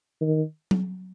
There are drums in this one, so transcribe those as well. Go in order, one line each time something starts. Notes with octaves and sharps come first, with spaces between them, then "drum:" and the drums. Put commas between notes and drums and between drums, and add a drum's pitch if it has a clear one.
D#3
drum: tom F#3